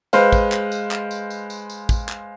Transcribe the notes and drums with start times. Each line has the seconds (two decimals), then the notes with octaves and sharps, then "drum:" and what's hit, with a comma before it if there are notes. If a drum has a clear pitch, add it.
0.13 G#3 B4 C5 F5, drum: tambourine
0.33 drum: kick, tambourine
0.52 drum: clap
0.72 drum: tambourine
0.91 drum: clap
1.11 drum: tambourine
1.30 drum: tambourine
1.50 drum: tambourine
1.70 drum: tambourine
1.89 drum: kick, tambourine
2.09 drum: clap